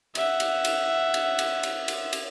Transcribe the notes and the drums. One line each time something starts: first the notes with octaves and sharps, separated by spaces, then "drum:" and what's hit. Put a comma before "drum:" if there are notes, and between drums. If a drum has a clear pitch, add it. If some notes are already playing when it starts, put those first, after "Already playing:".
E5 F#5, drum: cymbal
drum: cymbal
drum: cymbal
drum: cymbal
drum: cymbal
drum: cymbal
drum: cymbal
drum: cymbal